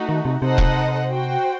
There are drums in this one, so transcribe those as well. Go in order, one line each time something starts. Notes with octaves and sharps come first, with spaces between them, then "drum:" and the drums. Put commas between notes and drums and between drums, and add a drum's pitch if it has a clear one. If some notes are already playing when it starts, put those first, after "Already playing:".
Already playing: A3 D#4 F#4
D#3
C3
C3 D#4 A4 C5 D#5 F#5
drum: kick E1
F#4 C5 G5